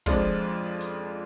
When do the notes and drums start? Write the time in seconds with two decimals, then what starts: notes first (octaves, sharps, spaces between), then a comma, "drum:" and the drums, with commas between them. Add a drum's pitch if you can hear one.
0.06 F2 F3 G#3 D4 F4, drum: kick
0.81 drum: hi-hat